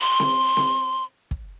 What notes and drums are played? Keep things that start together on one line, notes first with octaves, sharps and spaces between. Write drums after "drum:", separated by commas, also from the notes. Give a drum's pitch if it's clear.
C6
drum: snare C4
drum: snare C4
drum: kick